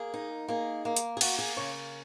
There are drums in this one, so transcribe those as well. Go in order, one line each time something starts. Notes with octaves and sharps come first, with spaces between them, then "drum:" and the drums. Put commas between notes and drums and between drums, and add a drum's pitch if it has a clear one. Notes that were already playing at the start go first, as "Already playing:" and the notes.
Already playing: A#3 G#4
D#4
A#3 G#4
A#3
drum: hi-hat
G#4
A#3 F#4, drum: cymbal
G#4
C#3 C#5